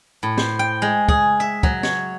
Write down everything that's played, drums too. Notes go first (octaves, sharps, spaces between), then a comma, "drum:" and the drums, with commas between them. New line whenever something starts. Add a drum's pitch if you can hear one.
A2
C5, drum: snare
G5
G#3
G#4, drum: kick
E5
F#3, drum: kick
C#5, drum: snare